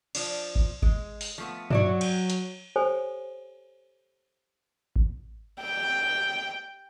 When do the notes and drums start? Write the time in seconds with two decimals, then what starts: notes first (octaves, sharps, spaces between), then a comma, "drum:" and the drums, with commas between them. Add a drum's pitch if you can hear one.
0.15 F3 D4, drum: cymbal
0.55 drum: kick G#1
0.82 G#3, drum: kick G#1
1.21 drum: open hi-hat
1.38 F3 A3 B3
1.70 F#3 C#5 D5 E5, drum: tom
2.01 G5, drum: cymbal
2.30 drum: hi-hat
2.76 G4 A4 C5 C#5 G#5
4.96 drum: kick G#1
5.62 G5